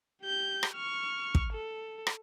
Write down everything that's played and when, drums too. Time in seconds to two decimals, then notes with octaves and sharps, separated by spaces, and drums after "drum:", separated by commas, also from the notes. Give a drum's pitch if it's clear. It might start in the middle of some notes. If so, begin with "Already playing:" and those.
0.22 G4 G6
0.63 drum: rim click
0.75 C#6 F6
1.35 drum: kick
1.53 A4
2.07 drum: rim click